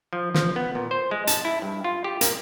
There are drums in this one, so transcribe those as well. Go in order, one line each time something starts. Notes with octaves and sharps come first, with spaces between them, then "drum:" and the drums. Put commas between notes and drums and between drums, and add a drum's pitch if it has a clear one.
F3
F3, drum: snare
B3
A#2
C5
G#3
A5, drum: hi-hat
E4
G2
F4
G4
A#3, drum: hi-hat